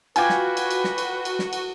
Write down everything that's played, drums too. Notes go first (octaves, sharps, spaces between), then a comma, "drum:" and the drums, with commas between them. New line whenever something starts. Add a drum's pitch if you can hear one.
F4 F#4 B4 G5 G#5 D6 G#6, drum: cymbal
drum: snare
drum: cymbal
drum: cymbal
drum: snare
drum: cymbal
drum: cymbal
drum: snare
drum: cymbal